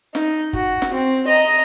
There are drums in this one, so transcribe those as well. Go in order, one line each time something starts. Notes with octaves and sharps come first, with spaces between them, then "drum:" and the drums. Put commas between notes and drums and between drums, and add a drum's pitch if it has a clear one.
D#4, drum: snare
F#4, drum: kick F#1
drum: snare
C4
D#5 A#5